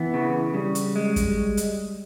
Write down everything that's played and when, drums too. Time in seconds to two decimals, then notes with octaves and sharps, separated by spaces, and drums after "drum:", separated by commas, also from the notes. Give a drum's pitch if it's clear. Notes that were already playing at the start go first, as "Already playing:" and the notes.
Already playing: E3 B3
0.14 C#3
0.54 C#3 G3
0.75 drum: hi-hat
0.96 G#3
1.16 drum: kick, hi-hat
1.57 drum: hi-hat